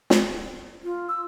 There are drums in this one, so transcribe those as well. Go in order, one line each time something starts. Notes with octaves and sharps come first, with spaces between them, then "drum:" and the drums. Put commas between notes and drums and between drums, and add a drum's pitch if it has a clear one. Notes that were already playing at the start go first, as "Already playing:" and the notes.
drum: snare
F4
E6